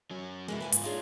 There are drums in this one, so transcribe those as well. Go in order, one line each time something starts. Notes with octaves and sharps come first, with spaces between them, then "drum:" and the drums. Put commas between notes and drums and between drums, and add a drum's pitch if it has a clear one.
F#3 C#4
G#3 A#3 B3 E4 F#4
B4 G5 G#5
G#2 F4, drum: hi-hat
D4 D#4 F4 G#4 C#5